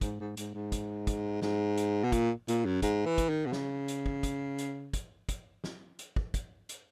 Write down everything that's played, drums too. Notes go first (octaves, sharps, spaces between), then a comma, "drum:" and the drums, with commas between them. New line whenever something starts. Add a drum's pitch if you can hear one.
G#2, drum: kick, hi-hat
G#2
G#2, drum: hi-hat
G#2
drum: kick, hi-hat
drum: kick, hi-hat
G#2, drum: snare
drum: hi-hat
B2
A#2, drum: kick, hi-hat
A#2, drum: hi-hat
F#2
G#2, drum: kick, hi-hat
E3
drum: kick, hi-hat
D#3
B2
C#3, drum: snare
drum: hi-hat
drum: kick
drum: kick, hi-hat
drum: hi-hat
drum: kick, hi-hat
drum: kick, hi-hat
drum: snare
drum: hi-hat
drum: kick
drum: kick, hi-hat
drum: hi-hat